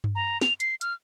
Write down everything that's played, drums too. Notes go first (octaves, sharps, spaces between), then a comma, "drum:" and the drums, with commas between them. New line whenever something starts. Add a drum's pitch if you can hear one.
drum: tom G2
A#5
F7, drum: snare
C7, drum: hi-hat
F6, drum: hi-hat